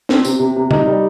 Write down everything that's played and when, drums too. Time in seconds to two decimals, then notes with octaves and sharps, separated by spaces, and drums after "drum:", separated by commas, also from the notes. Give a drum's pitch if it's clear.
0.09 C4, drum: snare
0.25 C3, drum: tambourine
0.39 C3
0.56 C3
0.71 D#4, drum: tom
0.87 G3